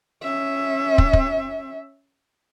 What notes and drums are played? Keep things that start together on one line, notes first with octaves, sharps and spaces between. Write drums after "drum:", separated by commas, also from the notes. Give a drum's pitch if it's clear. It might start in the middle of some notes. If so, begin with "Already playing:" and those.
C#4 E5
drum: kick
drum: kick